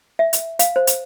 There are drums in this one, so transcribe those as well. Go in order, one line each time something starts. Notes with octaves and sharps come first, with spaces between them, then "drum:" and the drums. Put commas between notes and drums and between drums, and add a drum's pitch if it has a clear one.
E5
drum: hi-hat
F5, drum: hi-hat
C5
drum: hi-hat